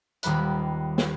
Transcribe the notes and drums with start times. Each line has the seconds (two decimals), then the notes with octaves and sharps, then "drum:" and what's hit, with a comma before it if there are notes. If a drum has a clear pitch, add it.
0.23 D#1 D#2 G3 B5 F#6, drum: hi-hat
0.98 drum: snare